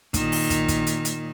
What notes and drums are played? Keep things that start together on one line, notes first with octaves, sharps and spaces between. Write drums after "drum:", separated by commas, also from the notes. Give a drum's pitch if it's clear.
A#2 D#3, drum: kick, hi-hat
drum: open hi-hat
drum: kick, hi-hat
drum: kick, hi-hat
drum: hi-hat
drum: hi-hat